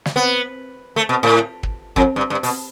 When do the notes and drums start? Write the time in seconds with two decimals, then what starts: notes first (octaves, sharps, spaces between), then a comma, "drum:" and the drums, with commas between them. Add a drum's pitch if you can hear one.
0.06 drum: snare
0.16 B3
0.96 A3
1.09 B2
1.23 A2
1.63 drum: kick
1.96 F2, drum: kick
2.16 G2
2.30 G2
2.43 B2, drum: open hi-hat